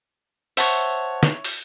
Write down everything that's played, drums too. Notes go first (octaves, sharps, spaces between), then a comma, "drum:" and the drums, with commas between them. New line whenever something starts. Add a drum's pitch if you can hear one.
C5 C#5 E5 F#5 A5, drum: open hi-hat
drum: snare
drum: open hi-hat